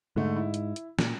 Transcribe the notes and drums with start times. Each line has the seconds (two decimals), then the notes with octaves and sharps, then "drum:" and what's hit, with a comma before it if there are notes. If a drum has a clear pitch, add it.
0.16 G#2 D3 A3
0.36 E4
0.54 drum: hi-hat
0.76 drum: hi-hat
0.99 A#2, drum: snare